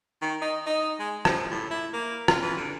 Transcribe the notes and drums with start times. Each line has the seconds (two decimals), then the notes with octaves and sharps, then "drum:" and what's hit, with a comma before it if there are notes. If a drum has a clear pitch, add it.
0.22 D#3
0.42 D#4
0.66 D#4
0.99 G#3
1.25 F3, drum: rim click
1.51 A2
1.71 E4
1.93 A#3
2.28 F4, drum: rim click
2.43 E3
2.57 D3